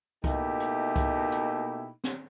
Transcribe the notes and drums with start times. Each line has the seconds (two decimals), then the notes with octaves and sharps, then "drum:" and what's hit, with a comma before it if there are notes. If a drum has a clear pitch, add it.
0.24 B2 A3 A#3 D#4 E4 G4, drum: kick C2, hi-hat
0.60 drum: hi-hat
0.96 drum: kick C2, hi-hat
1.32 drum: hi-hat
2.04 drum: snare